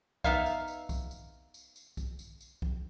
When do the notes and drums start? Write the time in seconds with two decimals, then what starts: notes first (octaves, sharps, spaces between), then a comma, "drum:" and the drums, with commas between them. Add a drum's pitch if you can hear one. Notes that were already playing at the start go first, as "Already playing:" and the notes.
0.24 B3 D#4 E5 F5, drum: kick B1, tambourine
0.46 drum: tambourine
0.68 drum: tambourine
0.89 drum: kick B1, tambourine
1.11 drum: tambourine
1.54 drum: tambourine
1.76 drum: tambourine
1.97 drum: kick B1, tambourine
2.19 drum: tambourine
2.41 drum: tambourine
2.62 drum: kick B1